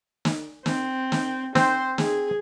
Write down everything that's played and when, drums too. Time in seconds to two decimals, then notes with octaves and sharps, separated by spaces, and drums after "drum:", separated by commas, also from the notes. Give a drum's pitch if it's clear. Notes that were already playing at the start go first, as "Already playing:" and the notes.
0.25 drum: snare
0.66 C4, drum: snare
1.12 drum: snare
1.55 C4 C5, drum: snare
1.98 G#4, drum: snare